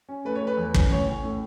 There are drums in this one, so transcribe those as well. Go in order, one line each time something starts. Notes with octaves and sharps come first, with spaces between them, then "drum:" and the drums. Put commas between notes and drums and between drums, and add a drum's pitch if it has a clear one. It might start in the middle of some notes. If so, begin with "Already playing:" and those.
C#4
A3 B4
C#5
A3
B4
E2
C#4, drum: kick
A2 C#5
C#4
A2